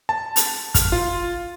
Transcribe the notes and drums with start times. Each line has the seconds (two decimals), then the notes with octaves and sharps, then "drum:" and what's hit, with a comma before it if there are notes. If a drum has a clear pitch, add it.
0.09 A5
0.36 drum: hi-hat
0.75 F6, drum: kick, hi-hat
0.92 F4